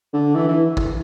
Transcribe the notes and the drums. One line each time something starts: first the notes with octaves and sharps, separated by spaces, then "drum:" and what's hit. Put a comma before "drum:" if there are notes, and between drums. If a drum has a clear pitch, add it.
D3
E3
E3
drum: kick